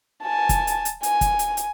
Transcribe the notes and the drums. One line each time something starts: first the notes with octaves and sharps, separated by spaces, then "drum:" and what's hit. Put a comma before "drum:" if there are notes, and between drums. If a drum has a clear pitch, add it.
G#5 A5
drum: kick, hi-hat
drum: hi-hat
drum: hi-hat
G#5, drum: hi-hat
drum: kick, hi-hat
drum: hi-hat
drum: hi-hat